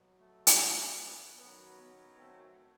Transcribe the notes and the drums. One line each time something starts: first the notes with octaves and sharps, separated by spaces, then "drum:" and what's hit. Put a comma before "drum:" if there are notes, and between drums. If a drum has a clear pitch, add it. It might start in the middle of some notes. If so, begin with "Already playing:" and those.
Already playing: B2 F#3
A3
drum: hi-hat
B3
B3
F#2 D#3 F#3 B3
B3
A3 C4